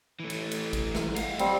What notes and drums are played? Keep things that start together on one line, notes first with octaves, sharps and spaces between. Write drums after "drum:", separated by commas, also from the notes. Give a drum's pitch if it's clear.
E3 A3
drum: cymbal
drum: cymbal
drum: kick, cymbal
drum: snare
F5 F#5, drum: cymbal
G3 C4, drum: cymbal